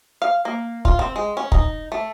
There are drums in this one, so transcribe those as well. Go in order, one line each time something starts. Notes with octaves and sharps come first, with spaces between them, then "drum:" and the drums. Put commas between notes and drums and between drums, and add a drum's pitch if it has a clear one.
F5
A#3
F4, drum: kick
C4
G#3
C#4
D#4, drum: kick
A3